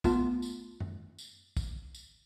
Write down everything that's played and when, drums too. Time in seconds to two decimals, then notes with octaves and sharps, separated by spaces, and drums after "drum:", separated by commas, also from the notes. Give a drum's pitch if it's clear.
0.04 A3 B3 F4 A5, drum: kick, tambourine
0.42 drum: tambourine
0.80 drum: tom F#2
1.18 drum: tambourine
1.57 drum: kick, tambourine
1.95 drum: tambourine